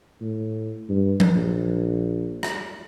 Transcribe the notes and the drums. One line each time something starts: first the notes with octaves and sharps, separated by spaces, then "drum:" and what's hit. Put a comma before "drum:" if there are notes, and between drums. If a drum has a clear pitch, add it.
A2
G2
drum: tom F3
A#1
drum: rim click